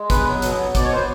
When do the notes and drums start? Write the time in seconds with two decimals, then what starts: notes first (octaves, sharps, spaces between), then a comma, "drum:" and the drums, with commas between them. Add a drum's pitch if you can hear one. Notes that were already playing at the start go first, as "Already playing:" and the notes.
Already playing: G#3
0.10 B3 B4, drum: kick, hi-hat
0.27 F#3
0.42 B2, drum: hi-hat
0.59 B3
0.75 B2 D5, drum: kick, hi-hat
0.84 C#5
0.92 B3 C5